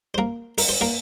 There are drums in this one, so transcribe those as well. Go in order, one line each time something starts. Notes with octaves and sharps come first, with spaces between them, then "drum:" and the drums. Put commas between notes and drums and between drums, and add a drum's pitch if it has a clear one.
C5
A#3 A#4
A#4, drum: open hi-hat
C5
A#3 A#4